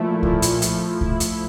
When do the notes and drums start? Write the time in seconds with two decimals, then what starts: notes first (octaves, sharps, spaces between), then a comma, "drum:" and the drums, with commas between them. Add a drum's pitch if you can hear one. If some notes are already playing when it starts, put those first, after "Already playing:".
Already playing: A#2 F3 A3 E4
0.23 A#2 F3 A3 E4, drum: kick C2
0.42 drum: hi-hat
0.62 F3 A3 E4, drum: hi-hat
1.01 F3 A3 E4, drum: kick C2
1.20 drum: hi-hat